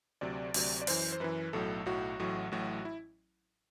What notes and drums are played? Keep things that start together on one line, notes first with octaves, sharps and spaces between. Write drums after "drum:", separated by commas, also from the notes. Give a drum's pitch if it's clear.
D2 C3 F#3 D5
D2 C3 F#3, drum: open hi-hat
D5
F#2 E3 C5, drum: open hi-hat
C5
F#2 E3 B4
B1 A2 F#3 A4
B1 A2 F#3 F#4
A1 A2 F#3
A1 A2 F#3 F#4
E4